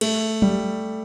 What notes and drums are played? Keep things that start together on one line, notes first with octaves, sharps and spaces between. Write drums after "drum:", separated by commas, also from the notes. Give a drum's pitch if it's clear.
A3, drum: cymbal
G3, drum: tom F#3